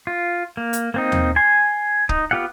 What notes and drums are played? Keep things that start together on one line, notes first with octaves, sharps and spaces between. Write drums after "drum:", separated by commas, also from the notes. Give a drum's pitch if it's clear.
F4
A#3
drum: hi-hat
A#3 C4 D#4
drum: tom D#2
G#5 C6
D#4, drum: kick
B3 F4 G4 F5 F#5